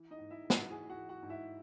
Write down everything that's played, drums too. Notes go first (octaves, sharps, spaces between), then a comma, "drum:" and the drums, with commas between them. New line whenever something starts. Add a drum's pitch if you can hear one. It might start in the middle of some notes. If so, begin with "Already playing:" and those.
Already playing: E3
D#4 D#5
G#2
E4 E5
G#2
F#4 F#5, drum: snare
E3 G#4 G#5
F#4 F#5
E3
F#4 F#5
G#2
E4 E5